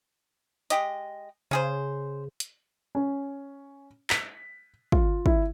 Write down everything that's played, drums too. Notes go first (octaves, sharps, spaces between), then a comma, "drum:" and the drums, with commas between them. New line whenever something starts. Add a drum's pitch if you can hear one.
G#3 G4 D#5, drum: hi-hat
C#3 C#4 G#4 C5
drum: hi-hat
C#4
B6, drum: clap
F4, drum: kick
E4, drum: kick